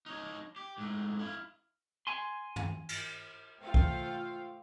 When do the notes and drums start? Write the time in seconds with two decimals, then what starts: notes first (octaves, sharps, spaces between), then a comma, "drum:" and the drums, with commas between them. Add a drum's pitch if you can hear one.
0.06 D#4 C#5
0.56 G4
0.78 G#2 A3
1.19 E4 F5
2.07 G#5 C6
2.56 drum: tom
2.89 drum: cymbal
3.62 A3 F4 C5 F5 G5
3.74 drum: kick